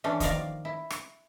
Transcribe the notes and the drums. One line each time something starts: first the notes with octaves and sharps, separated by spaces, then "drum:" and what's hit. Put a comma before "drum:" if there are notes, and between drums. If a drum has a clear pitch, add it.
E3 A3 C#4 D4
D#3 F3 A#3 A#4 D5 F5, drum: kick, hi-hat
E4
drum: rim click